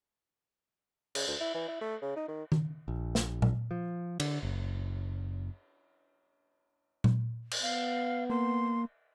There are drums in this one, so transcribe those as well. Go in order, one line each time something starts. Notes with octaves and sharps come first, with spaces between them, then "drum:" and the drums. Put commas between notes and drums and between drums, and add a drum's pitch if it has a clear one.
C#3, drum: cymbal
D2
E4
E3
E4
A3
C#3
D#4
D#3
drum: tom D#3
A#1
drum: snare
drum: tom A#2
F3
D3, drum: cymbal
F#1
drum: tom A#2
drum: cymbal
B3 F5
A#3 C6